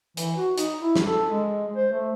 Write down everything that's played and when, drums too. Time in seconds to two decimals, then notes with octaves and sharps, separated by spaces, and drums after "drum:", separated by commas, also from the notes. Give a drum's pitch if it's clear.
0.17 E3, drum: hi-hat
0.37 F#4
0.58 D#4, drum: hi-hat
0.81 E4
0.96 drum: snare
1.06 A4
1.30 G#3
1.77 C5
1.93 A3